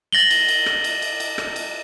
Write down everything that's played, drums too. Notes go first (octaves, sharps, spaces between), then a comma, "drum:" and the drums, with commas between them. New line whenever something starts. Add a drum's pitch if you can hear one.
A6 A#6 F#7 G7
drum: cymbal
drum: cymbal
drum: rim click
drum: cymbal
drum: cymbal
drum: cymbal
drum: rim click
drum: cymbal